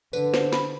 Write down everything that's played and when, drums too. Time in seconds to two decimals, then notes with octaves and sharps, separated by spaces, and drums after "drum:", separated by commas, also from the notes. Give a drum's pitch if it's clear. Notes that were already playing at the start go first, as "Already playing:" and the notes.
0.13 D3 B4, drum: tambourine
0.34 C5, drum: snare
0.52 B5, drum: snare